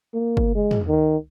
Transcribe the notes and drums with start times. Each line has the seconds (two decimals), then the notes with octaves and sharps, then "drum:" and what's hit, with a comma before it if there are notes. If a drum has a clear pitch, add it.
0.14 A#3
0.37 drum: kick
0.55 G#3
0.71 drum: tom
0.88 D#3